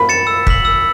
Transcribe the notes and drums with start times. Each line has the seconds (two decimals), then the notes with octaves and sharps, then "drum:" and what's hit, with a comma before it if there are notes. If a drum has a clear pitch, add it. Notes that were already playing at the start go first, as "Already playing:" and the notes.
Already playing: B5
0.09 A6 C#7 E7
0.27 E6
0.47 B6 F#7, drum: kick
0.65 E6